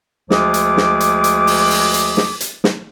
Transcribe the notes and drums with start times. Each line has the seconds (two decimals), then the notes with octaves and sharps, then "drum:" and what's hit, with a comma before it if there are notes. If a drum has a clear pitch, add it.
0.30 D2 F3 G#3 G#4 D6, drum: snare
0.54 drum: hi-hat
0.77 drum: snare
1.00 drum: hi-hat
1.24 drum: hi-hat
1.47 drum: open hi-hat
1.70 drum: open hi-hat
1.94 drum: hi-hat
2.17 drum: snare
2.40 drum: hi-hat
2.64 drum: snare